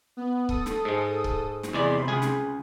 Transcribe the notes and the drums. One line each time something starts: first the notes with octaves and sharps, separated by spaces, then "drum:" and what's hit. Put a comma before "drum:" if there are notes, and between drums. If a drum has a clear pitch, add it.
B3
A4 D#6, drum: kick
drum: snare
G#2 G#3
drum: kick
drum: snare
E2 C3 G#3 D5 B5 C6
C#2 G#4 G#5
drum: snare